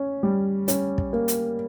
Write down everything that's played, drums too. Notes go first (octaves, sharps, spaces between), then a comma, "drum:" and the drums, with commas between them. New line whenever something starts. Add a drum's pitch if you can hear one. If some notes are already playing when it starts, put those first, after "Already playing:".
Already playing: C#4
G3
C#4, drum: hi-hat
drum: kick
A#3
drum: hi-hat